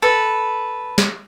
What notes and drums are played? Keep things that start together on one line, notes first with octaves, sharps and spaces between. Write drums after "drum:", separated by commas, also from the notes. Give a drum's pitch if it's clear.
A4 B4
drum: snare